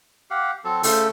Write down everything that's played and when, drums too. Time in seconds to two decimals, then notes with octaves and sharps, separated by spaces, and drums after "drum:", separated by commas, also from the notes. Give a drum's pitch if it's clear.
0.30 G4 F5 F#5
0.64 F#3 C4 A4
0.83 C#3 A3 A4 C5, drum: open hi-hat